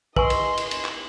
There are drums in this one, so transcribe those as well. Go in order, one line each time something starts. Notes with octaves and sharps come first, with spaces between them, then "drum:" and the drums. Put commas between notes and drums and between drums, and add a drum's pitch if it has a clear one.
A#4 B4 D#5 G#5 C6 C#6, drum: kick
drum: cymbal
drum: cymbal
drum: cymbal
drum: clap